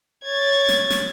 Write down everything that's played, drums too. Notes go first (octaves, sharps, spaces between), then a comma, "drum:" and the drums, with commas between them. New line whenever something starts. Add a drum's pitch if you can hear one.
C#5 G#6 A6
drum: snare
drum: snare